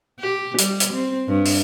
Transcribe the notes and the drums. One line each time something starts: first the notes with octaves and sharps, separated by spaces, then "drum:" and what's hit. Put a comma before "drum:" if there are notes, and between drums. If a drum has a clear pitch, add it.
G4
G3, drum: hi-hat
drum: hi-hat
C4
G2
drum: open hi-hat